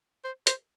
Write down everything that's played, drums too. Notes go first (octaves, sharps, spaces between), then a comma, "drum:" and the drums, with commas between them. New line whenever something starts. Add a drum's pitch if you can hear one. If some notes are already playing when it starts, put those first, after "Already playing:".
C5
C5, drum: hi-hat